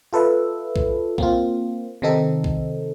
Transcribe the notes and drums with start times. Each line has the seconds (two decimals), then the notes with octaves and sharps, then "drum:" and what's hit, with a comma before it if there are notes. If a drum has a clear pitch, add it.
0.13 F4 A4 B4 E5
0.76 drum: kick B1
1.18 A#3 C4 F4, drum: kick B1
2.02 C3 D#3 C4 D#4 A4
2.44 drum: kick B1